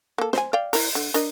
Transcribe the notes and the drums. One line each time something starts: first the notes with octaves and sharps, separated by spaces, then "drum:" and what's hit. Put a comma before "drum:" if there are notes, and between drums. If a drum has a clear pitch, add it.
A#3 A4
C5 G#5, drum: snare
D5 F5 G5
E4 A#4, drum: open hi-hat
D3
D4 A#4 D#5, drum: hi-hat